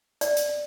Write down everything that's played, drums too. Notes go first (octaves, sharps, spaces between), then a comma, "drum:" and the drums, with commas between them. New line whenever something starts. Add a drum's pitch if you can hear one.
D5, drum: hi-hat
drum: hi-hat